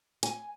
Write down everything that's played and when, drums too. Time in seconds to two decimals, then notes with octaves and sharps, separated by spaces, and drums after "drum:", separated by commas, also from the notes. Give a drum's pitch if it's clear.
0.23 G#5, drum: hi-hat